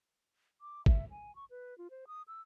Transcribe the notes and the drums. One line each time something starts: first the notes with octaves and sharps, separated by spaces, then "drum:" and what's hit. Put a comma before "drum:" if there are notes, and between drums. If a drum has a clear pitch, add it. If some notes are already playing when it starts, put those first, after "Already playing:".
D6
E5, drum: kick
G#5
C#6
B4
F4
C5
D#6
E6